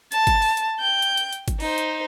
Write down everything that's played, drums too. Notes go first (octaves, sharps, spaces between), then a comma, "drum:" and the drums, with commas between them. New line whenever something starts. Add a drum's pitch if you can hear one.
A5, drum: hi-hat
drum: kick G1, hi-hat
drum: open hi-hat
drum: hi-hat
G5 G6
drum: hi-hat
drum: hi-hat
drum: hi-hat
drum: kick G1, hi-hat
D#4 C5, drum: open hi-hat
drum: hi-hat